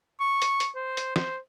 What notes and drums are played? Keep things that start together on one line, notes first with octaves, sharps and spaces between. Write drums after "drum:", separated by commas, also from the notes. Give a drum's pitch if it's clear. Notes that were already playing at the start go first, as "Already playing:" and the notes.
C#6
drum: hi-hat
drum: hi-hat
C5
drum: hi-hat
C5, drum: snare